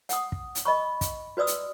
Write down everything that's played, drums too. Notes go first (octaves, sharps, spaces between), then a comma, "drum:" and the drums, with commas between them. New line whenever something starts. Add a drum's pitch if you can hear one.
F#5 D#6, drum: hi-hat
drum: kick
drum: hi-hat
D#5 B5 C#6
drum: kick, hi-hat
F#4 B4 D5 D#6 E6
drum: hi-hat